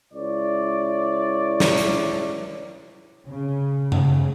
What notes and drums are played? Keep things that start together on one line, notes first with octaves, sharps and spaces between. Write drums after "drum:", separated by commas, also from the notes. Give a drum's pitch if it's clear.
C#2 E4 C#5 D5
drum: snare
drum: hi-hat
C#3
C#3, drum: tom F#2